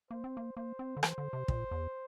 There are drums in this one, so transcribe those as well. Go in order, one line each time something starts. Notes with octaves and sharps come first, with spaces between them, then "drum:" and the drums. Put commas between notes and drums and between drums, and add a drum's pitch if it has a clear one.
A#3 C5
C4
A#3
A#3 C5
C4
D3
E3 C5, drum: rim click
D3
C3
A#2, drum: kick
E2